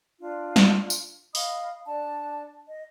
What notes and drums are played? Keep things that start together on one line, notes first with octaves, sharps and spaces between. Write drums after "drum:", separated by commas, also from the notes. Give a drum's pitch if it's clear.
D4 F4
drum: snare
drum: tambourine
D#5 F5 B5 D#6, drum: open hi-hat
D4 D5 A5
D#5